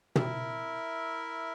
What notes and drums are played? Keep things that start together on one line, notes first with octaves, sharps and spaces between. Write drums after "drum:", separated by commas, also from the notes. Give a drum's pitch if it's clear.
E4 A#4 E5, drum: tom